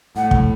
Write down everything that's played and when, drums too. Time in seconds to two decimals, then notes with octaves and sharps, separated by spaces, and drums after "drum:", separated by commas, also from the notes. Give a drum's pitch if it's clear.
0.16 A2 F#5
0.31 drum: kick